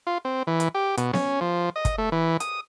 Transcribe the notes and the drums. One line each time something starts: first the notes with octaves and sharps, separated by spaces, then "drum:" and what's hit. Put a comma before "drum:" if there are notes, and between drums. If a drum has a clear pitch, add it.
F4
C4
E3
drum: hi-hat
G4
B2, drum: hi-hat
C#4, drum: snare B3
F3
D#5
drum: kick, hi-hat
A3
E3
D#6, drum: hi-hat